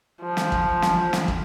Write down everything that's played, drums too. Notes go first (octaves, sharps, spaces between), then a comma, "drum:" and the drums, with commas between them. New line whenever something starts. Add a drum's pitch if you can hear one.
F3
drum: snare
drum: kick
drum: snare
drum: snare
drum: kick